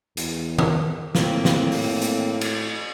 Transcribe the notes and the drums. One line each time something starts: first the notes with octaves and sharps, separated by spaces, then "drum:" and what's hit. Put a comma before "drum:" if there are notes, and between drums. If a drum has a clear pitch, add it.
E2, drum: hi-hat
drum: tom D#3
A2 A#3 C4, drum: snare
drum: snare
drum: open hi-hat
drum: hi-hat
drum: cymbal